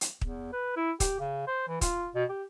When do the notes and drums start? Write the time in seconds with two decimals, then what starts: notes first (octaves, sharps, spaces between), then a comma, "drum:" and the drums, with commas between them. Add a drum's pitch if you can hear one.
0.01 drum: hi-hat
0.21 E2, drum: kick
0.53 B4
0.77 E4
1.00 G4, drum: kick, hi-hat
1.20 C#3
1.47 C5
1.68 E3
1.81 F4, drum: kick, hi-hat
2.15 B2
2.30 G4